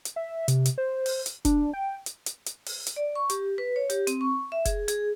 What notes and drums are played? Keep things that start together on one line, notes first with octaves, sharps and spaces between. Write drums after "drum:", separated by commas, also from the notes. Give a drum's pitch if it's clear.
drum: hi-hat
E5
C3, drum: hi-hat
drum: hi-hat
C5
drum: open hi-hat
drum: hi-hat
D4, drum: kick F1, hi-hat
G5
drum: hi-hat
drum: hi-hat
drum: hi-hat
drum: open hi-hat
drum: hi-hat
D5
C#6
G4, drum: hi-hat
B4
C#5
G4, drum: hi-hat
C4, drum: hi-hat
C#6
E5
G#4, drum: kick F1, hi-hat
G#4, drum: hi-hat